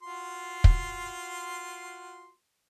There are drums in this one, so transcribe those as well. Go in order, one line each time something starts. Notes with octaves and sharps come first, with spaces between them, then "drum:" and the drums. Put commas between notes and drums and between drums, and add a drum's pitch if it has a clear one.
F4 F#4 C6
drum: kick